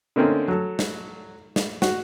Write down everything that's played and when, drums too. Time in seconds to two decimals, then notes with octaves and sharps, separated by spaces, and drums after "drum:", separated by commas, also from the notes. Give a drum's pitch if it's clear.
0.16 D3 A3 A#3 C4 C#4 D#4
0.48 F#3 A4
0.79 drum: snare
1.56 drum: snare
1.82 F#4, drum: snare